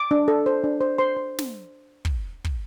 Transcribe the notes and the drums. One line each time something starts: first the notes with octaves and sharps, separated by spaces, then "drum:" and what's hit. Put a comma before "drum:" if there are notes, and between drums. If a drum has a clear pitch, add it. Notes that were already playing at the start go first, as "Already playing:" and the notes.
Already playing: D6
D4
A4
C5
D4
C5
C5 C6
C5
drum: snare
drum: kick
drum: kick